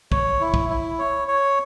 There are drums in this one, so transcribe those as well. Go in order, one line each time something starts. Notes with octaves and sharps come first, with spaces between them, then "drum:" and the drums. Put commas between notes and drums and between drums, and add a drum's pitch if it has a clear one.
C#5, drum: kick
E4
drum: kick
E4
C#5
C#5